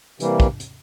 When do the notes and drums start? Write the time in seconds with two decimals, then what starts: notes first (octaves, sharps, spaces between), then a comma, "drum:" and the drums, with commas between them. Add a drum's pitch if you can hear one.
0.20 C3 E3 G3 A#3, drum: hi-hat
0.40 drum: kick
0.60 drum: hi-hat